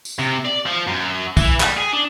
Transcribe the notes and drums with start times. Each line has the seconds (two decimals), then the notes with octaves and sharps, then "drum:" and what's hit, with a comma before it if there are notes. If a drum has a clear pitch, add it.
0.05 drum: tambourine
0.19 C3
0.45 D5
0.66 F3
0.87 F#2
1.37 E3, drum: kick, tambourine
1.60 G3, drum: clap
1.77 G#4
1.93 D4